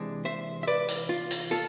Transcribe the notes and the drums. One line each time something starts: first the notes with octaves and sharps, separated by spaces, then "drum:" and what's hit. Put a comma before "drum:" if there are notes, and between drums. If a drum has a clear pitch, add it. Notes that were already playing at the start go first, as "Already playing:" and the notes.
Already playing: C3 E3 G#3 D4
C5 E5
E5
B4 D5
drum: hi-hat
F4
drum: hi-hat
F4 A4